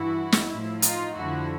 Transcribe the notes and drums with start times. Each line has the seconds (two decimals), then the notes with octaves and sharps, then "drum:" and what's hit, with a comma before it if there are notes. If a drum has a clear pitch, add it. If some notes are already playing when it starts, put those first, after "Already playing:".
Already playing: G2 E3 E4 F#4
0.32 drum: snare
0.48 A2 F3 E4
0.82 D#4 F4, drum: hi-hat
1.15 F2 D3 F3 E4 F#4